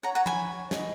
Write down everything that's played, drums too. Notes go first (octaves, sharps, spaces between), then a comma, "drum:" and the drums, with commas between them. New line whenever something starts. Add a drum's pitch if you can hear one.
C#5 F#5 A#5
F#5 A#5
G#5 B5, drum: tom F3
D#5, drum: snare